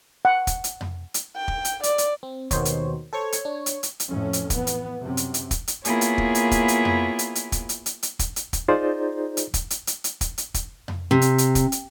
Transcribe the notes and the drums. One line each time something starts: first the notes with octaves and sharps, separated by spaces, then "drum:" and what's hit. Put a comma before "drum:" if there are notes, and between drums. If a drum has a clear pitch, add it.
F#5
drum: kick, hi-hat
drum: hi-hat
drum: tom F2
drum: hi-hat
G5
drum: kick
drum: hi-hat
D5, drum: hi-hat
drum: hi-hat
C4
D#2 B2 D#3 C5 C#5, drum: kick, hi-hat
drum: hi-hat
A4 C5 C#5 C#6
drum: hi-hat
D4
drum: hi-hat
drum: hi-hat
drum: hi-hat
F2 A2 E3 C#4
drum: hi-hat
E3 B3, drum: kick, hi-hat
drum: hi-hat
F#2 C3
drum: hi-hat
drum: hi-hat
drum: kick, hi-hat
drum: hi-hat
A#3 B3 E4 F4 G#4 C#5, drum: hi-hat
drum: hi-hat
drum: kick
drum: hi-hat
drum: kick, hi-hat
drum: hi-hat
drum: tom F2
drum: hi-hat
drum: hi-hat
drum: kick, hi-hat
drum: hi-hat
drum: hi-hat
drum: hi-hat
drum: kick, hi-hat
drum: hi-hat
drum: kick, hi-hat
D#4 F4 G#4 C5 D5
drum: hi-hat
drum: kick, hi-hat
drum: hi-hat
drum: hi-hat
drum: hi-hat
drum: kick, hi-hat
drum: hi-hat
drum: kick, hi-hat
drum: tom F2
C3
drum: hi-hat
drum: hi-hat
drum: kick, hi-hat
drum: hi-hat